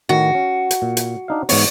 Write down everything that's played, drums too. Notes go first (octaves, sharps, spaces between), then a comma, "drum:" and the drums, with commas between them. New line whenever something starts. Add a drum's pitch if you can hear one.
A2 D#3 F#4
C#4
drum: hi-hat
A#2
drum: hi-hat
D4 D#4 F5
G#2 E3 B3 C#5, drum: open hi-hat